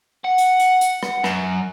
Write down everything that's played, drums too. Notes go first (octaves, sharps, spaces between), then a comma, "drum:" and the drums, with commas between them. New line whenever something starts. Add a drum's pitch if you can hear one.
F#5
drum: hi-hat
drum: hi-hat
drum: hi-hat
drum: rim click
F#2, drum: rim click